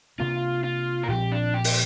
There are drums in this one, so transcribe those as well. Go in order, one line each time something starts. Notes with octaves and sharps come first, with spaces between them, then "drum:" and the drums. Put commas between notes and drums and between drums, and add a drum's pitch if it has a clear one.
C3 A#3 D4 F4
F4
A#4
A#2 F3 C4 G4
D4
G4
drum: open hi-hat